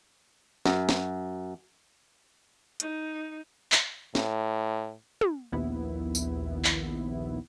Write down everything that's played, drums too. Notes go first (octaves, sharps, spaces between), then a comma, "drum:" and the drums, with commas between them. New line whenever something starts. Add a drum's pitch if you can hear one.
F#2, drum: snare
drum: snare
D#4, drum: hi-hat
drum: clap
A2, drum: snare
drum: tom
A#1 D#2 B3 E4
drum: tambourine
drum: clap